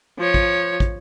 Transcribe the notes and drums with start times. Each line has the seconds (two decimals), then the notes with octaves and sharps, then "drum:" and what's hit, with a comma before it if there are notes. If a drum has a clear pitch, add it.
0.19 F3 C#5
0.34 drum: kick
0.80 drum: kick